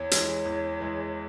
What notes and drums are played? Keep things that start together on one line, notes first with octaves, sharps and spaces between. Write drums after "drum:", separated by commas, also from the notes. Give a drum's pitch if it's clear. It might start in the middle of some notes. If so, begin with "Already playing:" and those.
Already playing: E2 C#5
E3 G#3, drum: hi-hat
E2
E3 G#3